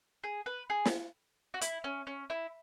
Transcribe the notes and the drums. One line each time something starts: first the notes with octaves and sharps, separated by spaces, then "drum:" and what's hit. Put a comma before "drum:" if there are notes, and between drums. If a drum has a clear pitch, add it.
G#4
B4
G#4
drum: snare
F#4
E4, drum: hi-hat
C#4
C#4
E4